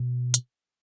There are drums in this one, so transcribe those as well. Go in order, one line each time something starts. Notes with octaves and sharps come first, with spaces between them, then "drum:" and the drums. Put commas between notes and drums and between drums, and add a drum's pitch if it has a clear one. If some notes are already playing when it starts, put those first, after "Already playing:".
Already playing: B2
drum: hi-hat